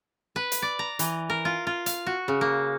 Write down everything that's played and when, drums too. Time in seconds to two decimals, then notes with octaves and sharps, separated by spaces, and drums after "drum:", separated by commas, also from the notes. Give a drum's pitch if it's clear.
0.36 B4
0.52 drum: hi-hat
0.62 D5
0.79 A#5
0.99 E3, drum: hi-hat
1.30 A#4
1.45 F4
1.67 F4
1.86 F5, drum: hi-hat
2.06 F#4
2.28 C#3
2.41 A#3